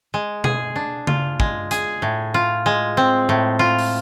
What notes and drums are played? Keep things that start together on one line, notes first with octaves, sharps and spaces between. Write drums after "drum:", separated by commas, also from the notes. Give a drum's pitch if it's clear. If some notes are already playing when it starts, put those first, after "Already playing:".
G#3
G#4, drum: tom B2
D4
F4, drum: tom C#3
G#3, drum: kick
G#4, drum: hi-hat
A2
F4
G#3
C4
A2
F4
drum: open hi-hat